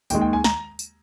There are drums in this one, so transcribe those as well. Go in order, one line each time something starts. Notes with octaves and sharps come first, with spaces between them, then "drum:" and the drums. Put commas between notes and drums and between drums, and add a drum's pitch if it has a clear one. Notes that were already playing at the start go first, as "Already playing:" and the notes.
D#2 D#3 G#3 G5, drum: tambourine
G5
G#5
A#5, drum: snare
drum: tambourine